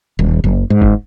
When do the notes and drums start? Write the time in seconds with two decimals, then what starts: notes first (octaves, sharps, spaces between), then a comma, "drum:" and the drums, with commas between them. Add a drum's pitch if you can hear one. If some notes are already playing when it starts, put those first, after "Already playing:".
0.19 D#1
0.44 F#1
0.70 G#2
0.82 drum: kick F#1